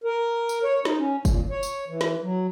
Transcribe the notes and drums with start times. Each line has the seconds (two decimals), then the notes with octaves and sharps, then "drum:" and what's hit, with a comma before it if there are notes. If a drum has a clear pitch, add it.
0.04 A#4
0.49 drum: tambourine
0.64 C#5
0.85 D#4, drum: snare
0.98 C#4
1.25 A#2, drum: kick F#1, tambourine
1.50 C#5
1.63 drum: tambourine
1.88 E3
2.01 drum: snare
2.22 F#3